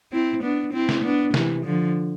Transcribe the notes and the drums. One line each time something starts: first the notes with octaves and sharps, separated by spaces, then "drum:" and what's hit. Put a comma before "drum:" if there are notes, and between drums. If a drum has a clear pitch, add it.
C4 E4
B3 D4
C4 E4
drum: snare
B3 D4
C3 E3, drum: snare
D3 F3